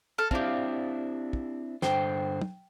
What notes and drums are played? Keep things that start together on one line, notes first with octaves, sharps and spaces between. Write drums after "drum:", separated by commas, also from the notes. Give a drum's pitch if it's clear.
A4 F6
C4 D4 E4 G4 F5, drum: kick
drum: kick
G2 D3 C5 G5, drum: snare
drum: tom